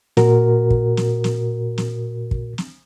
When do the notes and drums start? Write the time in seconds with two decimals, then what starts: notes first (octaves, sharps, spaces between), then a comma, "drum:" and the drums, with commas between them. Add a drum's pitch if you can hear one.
0.17 A#2 F#4 A#4, drum: snare
0.70 drum: kick
0.97 drum: snare
1.24 drum: snare
1.78 drum: snare
2.31 drum: kick
2.58 drum: snare